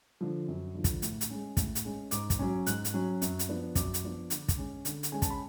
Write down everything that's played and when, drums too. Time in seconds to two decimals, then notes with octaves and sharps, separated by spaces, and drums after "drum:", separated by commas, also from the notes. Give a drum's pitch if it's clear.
0.21 D3 F3
0.48 F#2
0.75 D3 F3
0.84 drum: kick, hi-hat
1.02 A2, drum: hi-hat
1.21 drum: hi-hat
1.30 G#3 C#4
1.57 A2, drum: kick, hi-hat
1.75 drum: hi-hat
1.85 G#3 C#4
2.11 G#2 D6, drum: hi-hat
2.30 drum: kick, hi-hat
2.39 F#3 C#4
2.66 G#2 F#6, drum: hi-hat
2.85 drum: hi-hat
2.94 F#3 C#4
3.22 F#2, drum: hi-hat
3.39 drum: hi-hat
3.49 F3 B3 D4
3.75 F#2 D6, drum: kick, hi-hat
3.94 drum: hi-hat
4.03 F3 B3 D4
4.30 D3, drum: hi-hat
4.48 drum: kick, hi-hat
4.58 G#3 C#4
4.85 D3, drum: hi-hat
5.03 drum: hi-hat
5.12 G#3 C#4 G#5
5.22 A5, drum: kick, hi-hat
5.30 B5